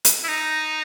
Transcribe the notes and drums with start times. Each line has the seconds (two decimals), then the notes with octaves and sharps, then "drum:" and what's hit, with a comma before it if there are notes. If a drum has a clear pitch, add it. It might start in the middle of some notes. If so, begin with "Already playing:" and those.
0.05 drum: hi-hat
0.24 E4
0.28 D#4